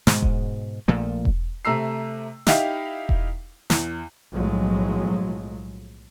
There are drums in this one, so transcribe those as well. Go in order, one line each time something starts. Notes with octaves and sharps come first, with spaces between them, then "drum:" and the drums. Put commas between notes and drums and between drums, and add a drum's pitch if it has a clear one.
G#2 B2 G#3, drum: snare
drum: kick E1
A#1 A#2 F3 A3
drum: kick E1
C3 A3 A#5 E6 C7
D#4 E4 G4 F5, drum: snare
drum: kick E1
E2, drum: snare
B1 A2 F3 F#3 G#3